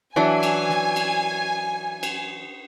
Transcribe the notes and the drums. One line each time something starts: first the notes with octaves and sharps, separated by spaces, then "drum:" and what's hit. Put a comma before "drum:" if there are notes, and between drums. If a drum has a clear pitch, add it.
E3 F#3 D4 G#5
drum: cymbal
drum: snare
drum: cymbal
drum: cymbal